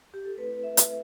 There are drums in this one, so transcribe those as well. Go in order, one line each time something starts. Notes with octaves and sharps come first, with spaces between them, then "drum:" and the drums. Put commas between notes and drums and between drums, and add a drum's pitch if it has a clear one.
G4
A4
A3 C4 E4 B4
E5
drum: hi-hat